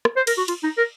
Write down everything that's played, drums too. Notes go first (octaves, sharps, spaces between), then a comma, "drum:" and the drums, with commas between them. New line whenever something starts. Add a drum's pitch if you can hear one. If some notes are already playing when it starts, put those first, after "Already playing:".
drum: rim click
C5
A#4, drum: cymbal
F#4
F4, drum: cymbal
D#4
A#4